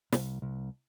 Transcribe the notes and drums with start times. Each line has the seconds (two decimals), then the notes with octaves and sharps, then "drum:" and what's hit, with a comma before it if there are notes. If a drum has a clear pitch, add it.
0.12 C2, drum: snare
0.42 C2